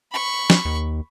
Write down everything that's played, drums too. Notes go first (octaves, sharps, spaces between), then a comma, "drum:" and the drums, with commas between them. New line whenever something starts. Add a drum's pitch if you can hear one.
B5 C#6
drum: snare
D#2